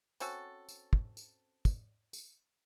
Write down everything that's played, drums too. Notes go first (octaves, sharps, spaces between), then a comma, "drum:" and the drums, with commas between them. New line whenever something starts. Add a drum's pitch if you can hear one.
C4 C#4 F#4 A4, drum: tambourine
drum: tambourine
drum: kick
drum: tambourine
drum: kick, tambourine
drum: tambourine